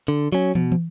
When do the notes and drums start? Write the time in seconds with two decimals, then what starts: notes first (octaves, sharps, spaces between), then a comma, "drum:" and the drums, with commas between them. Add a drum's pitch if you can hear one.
0.08 D3
0.32 F#3 C#4
0.55 B2, drum: tom
0.72 drum: tom